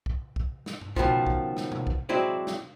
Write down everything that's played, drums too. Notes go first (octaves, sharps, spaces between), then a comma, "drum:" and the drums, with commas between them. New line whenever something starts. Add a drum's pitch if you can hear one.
drum: kick B1
drum: kick B1
drum: snare
drum: tom G2
C#2 B2 D#3 F3, drum: kick B1
drum: kick B1
drum: snare
drum: tom B2
drum: kick B1
F#3 G#3 C4 E4 D5 D#5
drum: snare